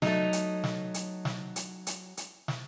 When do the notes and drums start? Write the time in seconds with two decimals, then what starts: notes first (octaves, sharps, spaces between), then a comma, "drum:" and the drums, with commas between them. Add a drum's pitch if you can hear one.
0.02 F#3 A3 D#4, drum: snare
0.33 drum: hi-hat
0.64 drum: snare
0.94 drum: hi-hat
1.25 drum: snare
1.56 drum: hi-hat
1.87 drum: hi-hat
2.17 drum: hi-hat
2.48 drum: snare